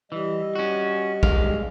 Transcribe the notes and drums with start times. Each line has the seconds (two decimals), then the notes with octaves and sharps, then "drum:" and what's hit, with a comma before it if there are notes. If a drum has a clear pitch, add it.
0.12 E3 G3 D#5
0.55 C#4 F#4
1.23 G#3 F5, drum: kick